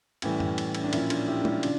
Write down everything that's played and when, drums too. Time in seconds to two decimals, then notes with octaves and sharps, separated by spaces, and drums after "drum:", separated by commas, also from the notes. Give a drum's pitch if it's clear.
0.22 A2 E3 G3 C#4 E4, drum: cymbal
0.40 drum: tom F#2
0.58 drum: cymbal
0.75 C#4, drum: cymbal
0.84 D4
0.93 A#2 F3 C#4 E4, drum: cymbal
1.10 D4 F4, drum: cymbal
1.28 E4 G4
1.41 D4
1.45 C#4 E4, drum: tom G#3
1.63 C#3 D4 F4, drum: cymbal